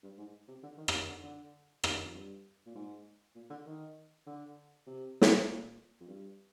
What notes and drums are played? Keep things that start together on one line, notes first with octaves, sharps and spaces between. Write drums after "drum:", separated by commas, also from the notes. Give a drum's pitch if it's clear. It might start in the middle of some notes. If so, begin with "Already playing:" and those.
G2
G#2
C3
D3
D#3
drum: rim click
D3
D3
D#3, drum: rim click
D3
F2
G2
A#2
G#2
A#2
D3
D#3
D3
C3
drum: snare
A#2
F2
G2